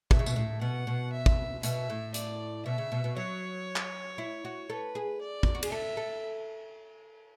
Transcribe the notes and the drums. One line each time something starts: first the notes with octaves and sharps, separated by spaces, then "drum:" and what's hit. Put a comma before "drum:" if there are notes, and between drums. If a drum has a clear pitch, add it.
B2 E5, drum: kick
C#3
B2, drum: tambourine
A2
B2 F#5
B2
E5
drum: kick
B2 E5, drum: hi-hat
A2
D5, drum: hi-hat
B2 E5
C#3
B2
B2
F#3 C#5
drum: clap
E4
F#4
A4 B4
G#4
D5
drum: kick
F#4
G#4, drum: cymbal
A4 E5
A4